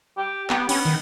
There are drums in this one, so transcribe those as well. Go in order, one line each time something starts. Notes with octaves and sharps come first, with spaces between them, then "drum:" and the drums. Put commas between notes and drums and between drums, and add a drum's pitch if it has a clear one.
G4
B3 G4, drum: clap
B3 C#4, drum: cymbal
D#3